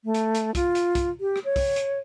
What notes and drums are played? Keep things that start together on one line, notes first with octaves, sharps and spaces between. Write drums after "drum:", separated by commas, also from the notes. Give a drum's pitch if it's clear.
A3
drum: hi-hat
drum: hi-hat
F4, drum: kick, hi-hat
drum: hi-hat
drum: kick, hi-hat
G4
drum: rim click
C#5
drum: kick, open hi-hat
drum: hi-hat